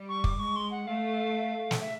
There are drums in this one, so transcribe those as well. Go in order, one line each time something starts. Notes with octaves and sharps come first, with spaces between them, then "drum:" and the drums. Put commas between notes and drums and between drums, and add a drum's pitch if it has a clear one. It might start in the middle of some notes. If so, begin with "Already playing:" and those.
Already playing: G3
C#6
D6, drum: kick
G#3 C#6
C6
F#5
A3 F5
drum: snare
E5